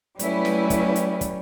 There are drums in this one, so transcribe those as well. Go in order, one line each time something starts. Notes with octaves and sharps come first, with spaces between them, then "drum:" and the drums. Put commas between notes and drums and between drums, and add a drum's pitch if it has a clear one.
F#3 G3 A3 C#4 E4 B4, drum: hi-hat
drum: snare
drum: kick, hi-hat
drum: hi-hat
drum: kick, hi-hat